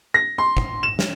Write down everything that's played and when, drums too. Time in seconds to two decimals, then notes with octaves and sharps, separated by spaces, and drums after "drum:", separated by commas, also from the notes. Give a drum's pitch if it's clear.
0.14 A#6
0.38 C6
0.57 drum: kick
0.83 E7
0.99 drum: snare